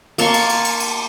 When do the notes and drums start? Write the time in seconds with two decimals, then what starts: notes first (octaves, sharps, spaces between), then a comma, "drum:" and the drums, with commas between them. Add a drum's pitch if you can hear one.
0.18 A#3 A5 C6 C#6, drum: cymbal
0.34 drum: cymbal
0.49 drum: cymbal
0.65 drum: cymbal
0.80 drum: cymbal